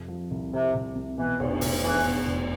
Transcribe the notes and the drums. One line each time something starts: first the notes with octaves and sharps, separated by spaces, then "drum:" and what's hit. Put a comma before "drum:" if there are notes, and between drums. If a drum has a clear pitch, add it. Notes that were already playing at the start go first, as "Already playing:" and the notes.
Already playing: F2 C3
F3
C2
C2 C3
C2
C3
B2 E3
F1, drum: cymbal
F1, drum: open hi-hat
E2 E3
B2
F1